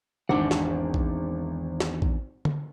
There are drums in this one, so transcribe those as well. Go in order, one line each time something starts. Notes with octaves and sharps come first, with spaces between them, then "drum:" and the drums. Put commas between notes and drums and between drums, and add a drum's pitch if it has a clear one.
G#1 E2 D4 F#5 D6
drum: snare
drum: kick
drum: snare
drum: kick
drum: tom